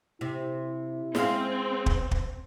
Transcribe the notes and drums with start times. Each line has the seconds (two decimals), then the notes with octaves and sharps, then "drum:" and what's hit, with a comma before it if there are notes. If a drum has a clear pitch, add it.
0.21 C3 E4
1.15 G#3 C4 C#4 F5, drum: snare
1.86 drum: kick
2.11 drum: kick